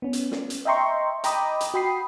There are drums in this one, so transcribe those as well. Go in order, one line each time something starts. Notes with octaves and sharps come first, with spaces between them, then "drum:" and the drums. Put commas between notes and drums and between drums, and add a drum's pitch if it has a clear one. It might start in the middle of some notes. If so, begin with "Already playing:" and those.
B3 C#4
drum: hi-hat
drum: snare
drum: hi-hat
D#5 E5 G5 A#5 C6 C#6
D#5 G5 A#5 B5 D6 D#6, drum: hi-hat
drum: hi-hat
F#4 G5 B5 D#6 C7